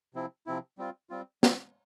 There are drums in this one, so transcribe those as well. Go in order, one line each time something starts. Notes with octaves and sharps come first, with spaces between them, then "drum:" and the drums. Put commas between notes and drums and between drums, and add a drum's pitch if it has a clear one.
C3 F3 C4 E4
C3 F3 C4 E4
G3 C4 F4
G3 C4 F4
G3 C4 F4, drum: snare